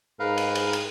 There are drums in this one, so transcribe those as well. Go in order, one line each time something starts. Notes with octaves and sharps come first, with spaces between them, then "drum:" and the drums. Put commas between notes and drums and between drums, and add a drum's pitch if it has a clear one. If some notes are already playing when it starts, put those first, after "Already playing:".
G#2 A#4 B4 F5
drum: cymbal
drum: cymbal
drum: cymbal